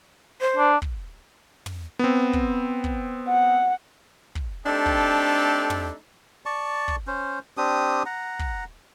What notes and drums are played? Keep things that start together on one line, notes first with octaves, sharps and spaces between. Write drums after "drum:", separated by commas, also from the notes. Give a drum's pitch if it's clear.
C5
D4
drum: kick
drum: tom
B3 C4
drum: kick
drum: kick
F#5
drum: kick
A3 C4 D4 D#4 G4 A4
drum: kick
drum: tom
D5 A5 C#6
drum: kick
C#4 C5
C4 D4 G4 D#6
F#5 A#5
drum: kick